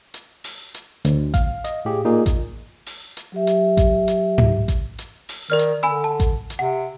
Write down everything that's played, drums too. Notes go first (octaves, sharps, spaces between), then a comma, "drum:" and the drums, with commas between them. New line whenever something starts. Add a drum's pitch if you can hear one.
drum: hi-hat
drum: open hi-hat
drum: hi-hat
D2, drum: hi-hat
F5, drum: kick A1, hi-hat
D#5, drum: hi-hat
A2 G4 G#4
A#2 D#4 G#4
drum: kick A1, hi-hat
drum: open hi-hat
drum: hi-hat
F#3 G4 E5
drum: hi-hat
drum: kick A1, hi-hat
drum: hi-hat
drum: tom G#2
drum: kick A1, hi-hat
drum: hi-hat
drum: open hi-hat
D#3 A#4 D5 F6
drum: hi-hat
D3 G#5 B5 E6
A5
drum: kick A1, hi-hat
drum: hi-hat
C3 F#5